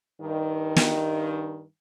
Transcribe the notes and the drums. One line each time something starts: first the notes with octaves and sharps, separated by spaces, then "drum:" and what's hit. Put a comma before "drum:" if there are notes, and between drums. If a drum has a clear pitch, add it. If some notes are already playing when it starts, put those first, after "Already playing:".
G2 D#3
drum: snare